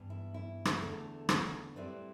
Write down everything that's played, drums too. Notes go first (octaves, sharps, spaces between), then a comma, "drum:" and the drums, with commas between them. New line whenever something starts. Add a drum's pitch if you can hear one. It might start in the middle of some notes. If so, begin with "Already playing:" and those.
Already playing: G2 E3 B3
E4
E4
drum: rim click
E2 D3 A3
drum: rim click
A2 G3 C4 E4 B4 D5